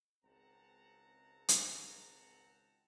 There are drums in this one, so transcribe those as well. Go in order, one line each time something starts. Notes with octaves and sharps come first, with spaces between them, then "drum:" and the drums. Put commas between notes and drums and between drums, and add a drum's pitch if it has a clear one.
G#1 C#2 C4 F#5 A5 A#5
drum: hi-hat